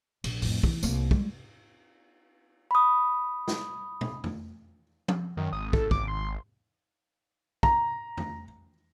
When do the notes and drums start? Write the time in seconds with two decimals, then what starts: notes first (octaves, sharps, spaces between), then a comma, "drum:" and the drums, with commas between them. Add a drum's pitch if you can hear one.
0.24 A#1, drum: cymbal
0.42 F2 A2, drum: open hi-hat
0.63 E3, drum: kick
0.83 C2 A#3, drum: tambourine
1.11 G3 G#3, drum: kick
2.71 B5 D#6
3.48 drum: snare
4.01 drum: tom
4.24 drum: tom
5.08 drum: tom F3
5.37 F#2 D#3
5.53 G#1 D#6
5.73 A4, drum: kick
5.91 D6, drum: kick
6.08 C6
7.63 A#5, drum: kick
8.17 drum: tom